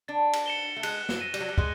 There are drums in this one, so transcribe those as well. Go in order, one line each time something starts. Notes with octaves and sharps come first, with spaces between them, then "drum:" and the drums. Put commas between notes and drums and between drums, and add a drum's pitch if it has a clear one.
D4 A6
drum: cymbal
C#7 E7 G7
A3
G#3 F#6, drum: cymbal
F#3, drum: snare
A#6 D#7
G3, drum: cymbal
F#3
G3
G#3 F#6, drum: kick